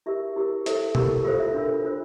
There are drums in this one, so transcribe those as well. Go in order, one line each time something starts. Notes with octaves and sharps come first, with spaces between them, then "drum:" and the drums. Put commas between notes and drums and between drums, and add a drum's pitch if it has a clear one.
E4 G4 A#4 E5
E4 G4 A#4
E4 A4 C5 E5, drum: hi-hat
E4 G4 A#4, drum: tom
F4 A4 C5 F5
E5
D4 F4 A#4
D4 F4 C5